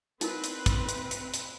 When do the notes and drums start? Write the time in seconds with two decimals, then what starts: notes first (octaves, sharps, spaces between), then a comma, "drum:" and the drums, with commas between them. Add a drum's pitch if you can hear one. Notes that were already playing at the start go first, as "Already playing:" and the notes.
0.21 C4 D#4 E4 A#4 B4, drum: hi-hat
0.44 drum: hi-hat
0.66 drum: kick, hi-hat
0.89 drum: hi-hat
1.11 drum: hi-hat
1.34 drum: hi-hat